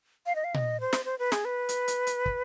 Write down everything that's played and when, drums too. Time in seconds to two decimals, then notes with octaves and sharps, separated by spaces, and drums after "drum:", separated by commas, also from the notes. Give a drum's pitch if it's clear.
0.26 F5
0.35 D#5
0.44 F5
0.54 D#5, drum: tom A#2
0.80 C5
0.93 drum: snare
1.05 C5
1.19 B4
1.32 G#4, drum: snare
1.45 B4
1.69 drum: hi-hat
1.88 drum: hi-hat
2.07 drum: hi-hat
2.26 drum: kick